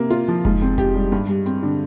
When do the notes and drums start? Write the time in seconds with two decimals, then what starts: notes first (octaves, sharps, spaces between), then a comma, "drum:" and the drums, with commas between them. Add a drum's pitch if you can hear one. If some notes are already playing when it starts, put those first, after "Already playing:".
Already playing: C3 A#3
0.10 F4, drum: hi-hat
0.28 F3
0.45 G#2, drum: kick F1
0.62 C4
0.78 G4, drum: kick F1, hi-hat
0.95 G3
1.12 G2
1.29 G3
1.46 C4, drum: hi-hat
1.63 D3